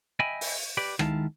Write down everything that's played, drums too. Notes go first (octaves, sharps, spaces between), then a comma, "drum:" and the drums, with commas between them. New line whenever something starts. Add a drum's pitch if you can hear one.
D#5 E5 G5 G#5 B5
drum: open hi-hat
G4 B4 D5
D#3 G#3 E4 F5 A5, drum: rim click